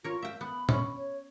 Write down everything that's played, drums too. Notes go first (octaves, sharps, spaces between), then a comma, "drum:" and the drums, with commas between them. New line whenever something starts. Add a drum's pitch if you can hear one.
F4 A#4 C#5
E5 F5 G5
B3 B5
C#4, drum: tom
C#5